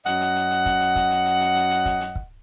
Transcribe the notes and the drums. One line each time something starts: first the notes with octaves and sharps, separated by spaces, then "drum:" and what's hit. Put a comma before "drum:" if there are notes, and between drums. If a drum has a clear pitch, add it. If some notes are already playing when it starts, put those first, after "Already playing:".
F#2 D#5 F#5, drum: hi-hat
drum: hi-hat
drum: hi-hat
drum: hi-hat
drum: kick, hi-hat
drum: hi-hat
drum: kick, hi-hat
drum: hi-hat
drum: hi-hat
drum: hi-hat
drum: hi-hat
drum: hi-hat
drum: kick, hi-hat
drum: hi-hat
drum: kick